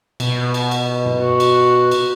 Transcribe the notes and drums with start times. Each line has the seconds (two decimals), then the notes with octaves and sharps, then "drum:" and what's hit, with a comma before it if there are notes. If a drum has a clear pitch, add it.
0.20 B2, drum: cymbal
0.54 drum: cymbal
0.71 drum: cymbal
1.06 drum: tom
1.19 F#4
1.40 drum: cymbal
1.91 drum: cymbal